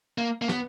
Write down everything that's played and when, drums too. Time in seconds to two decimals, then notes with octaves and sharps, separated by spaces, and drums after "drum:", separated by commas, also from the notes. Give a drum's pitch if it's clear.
0.18 A#3
0.42 A#3
0.49 B3, drum: snare